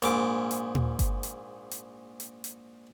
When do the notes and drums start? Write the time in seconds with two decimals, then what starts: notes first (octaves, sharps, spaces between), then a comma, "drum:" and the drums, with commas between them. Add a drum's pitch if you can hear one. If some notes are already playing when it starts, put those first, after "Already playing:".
0.02 A#1 G#2 D6, drum: hi-hat
0.51 drum: hi-hat
0.75 drum: tom
0.99 drum: kick G1, hi-hat
1.23 drum: hi-hat
1.71 drum: hi-hat
2.20 drum: hi-hat
2.44 drum: hi-hat